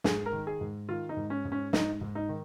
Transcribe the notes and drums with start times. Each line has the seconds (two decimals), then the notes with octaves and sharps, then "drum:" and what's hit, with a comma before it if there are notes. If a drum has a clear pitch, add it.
0.04 G#2 G#4, drum: snare
0.26 A#4
0.32 D#3
0.47 G#4
0.61 G#2
0.88 D#3 F4
1.09 D#4
1.17 G#2
1.30 C#4
1.45 G#2
1.52 C#4
1.73 G#2 D#4, drum: snare
2.01 G#2
2.15 D#4
2.29 D#3